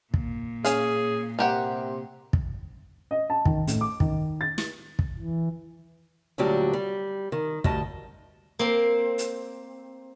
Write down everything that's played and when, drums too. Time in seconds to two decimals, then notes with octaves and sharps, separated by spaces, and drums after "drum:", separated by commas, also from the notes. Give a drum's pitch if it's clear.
0.14 A#2, drum: kick
0.65 C#4 G#4 F5, drum: hi-hat
1.39 C3 A#3 G4 F#5
2.33 drum: kick
3.11 D#5
3.30 A5
3.45 D#3, drum: kick
3.68 A2, drum: hi-hat
3.81 D6
4.00 D#3, drum: kick
4.41 A6
4.58 drum: snare
4.99 drum: kick
5.19 E3
6.38 D2 A#2 F#3 G3 D4 G4
6.73 G3
7.32 D#3
7.64 D2 G3 D#5 A5, drum: kick
8.59 A#3 C4
9.18 drum: hi-hat